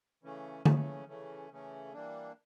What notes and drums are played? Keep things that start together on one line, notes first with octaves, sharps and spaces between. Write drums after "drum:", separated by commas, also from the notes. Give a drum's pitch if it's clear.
C#3 E3 A3 C#4
C#3 E3 A3 C#4, drum: tom D3
C#3 E3 A3 C#4
C#3 E3 A3 C#4
E3 G3 A#3 D4